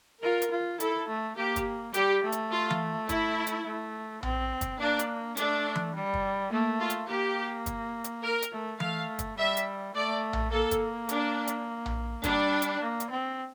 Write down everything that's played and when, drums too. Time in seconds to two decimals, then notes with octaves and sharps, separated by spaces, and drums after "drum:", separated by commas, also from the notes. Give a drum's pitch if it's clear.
0.22 F4 A#4
0.42 drum: hi-hat
0.51 F4
0.80 E4 A4, drum: hi-hat
1.08 A3
1.37 A#3 G4
1.56 drum: kick, hi-hat
1.94 G3 G4, drum: hi-hat
2.23 A3
2.32 drum: hi-hat
2.52 F4
2.70 drum: tom E3
3.09 E4, drum: kick, hi-hat
3.47 drum: hi-hat
3.66 A3
4.23 C4, drum: tom A#1
4.61 drum: kick, hi-hat
4.80 A#3 D4
4.99 drum: hi-hat
5.37 A3 D4, drum: hi-hat
5.75 drum: tom E3
5.95 G3
6.14 drum: kick
6.51 A3 A#3
6.80 F4
6.90 drum: hi-hat
7.08 A#3 G4
7.66 drum: kick, hi-hat
8.04 drum: hi-hat
8.23 A#4
8.42 drum: hi-hat
8.52 A3
8.80 A3 F5, drum: tom E3
9.19 drum: kick, hi-hat
9.38 G3 E5
9.57 drum: hi-hat
9.95 A3 D5
10.33 drum: tom A#1
10.52 A#3 A4
10.71 drum: kick, hi-hat
11.09 D4, drum: hi-hat
11.47 drum: hi-hat
11.86 drum: tom A#1
12.24 G3 D4, drum: kick, hi-hat
12.62 drum: hi-hat
12.81 A#3
13.00 drum: hi-hat
13.10 C4